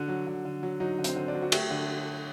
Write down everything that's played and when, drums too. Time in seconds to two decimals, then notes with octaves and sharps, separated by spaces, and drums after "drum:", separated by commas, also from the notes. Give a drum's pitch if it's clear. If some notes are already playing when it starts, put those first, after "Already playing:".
Already playing: D3 F#4
0.08 F#3
0.27 D3
0.45 D3
0.63 F#3
0.80 F#3 D#4
0.99 D3
1.04 C4, drum: hi-hat
1.16 D3
1.28 D4
1.35 F#3
1.42 F#4
1.52 A3 G4, drum: cymbal
1.70 D3